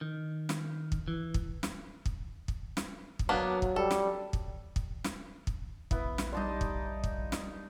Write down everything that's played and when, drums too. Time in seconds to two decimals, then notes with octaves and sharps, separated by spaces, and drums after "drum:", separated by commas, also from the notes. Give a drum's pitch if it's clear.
0.01 D#3
0.49 drum: snare
0.92 drum: kick
1.08 E3
1.34 drum: kick
1.63 drum: snare
2.06 drum: kick
2.48 drum: kick
2.77 drum: snare
3.19 drum: kick
3.29 F#3 A#3 B3 D4
3.62 drum: kick
3.76 G3 A4
3.91 drum: snare
4.33 drum: kick
4.76 drum: kick
5.04 drum: snare
5.47 drum: kick
5.91 A#1 B3 E4, drum: kick
6.18 drum: snare
6.33 G3 D#4 D5 A5 C6
6.61 drum: kick
7.04 drum: kick
7.32 drum: snare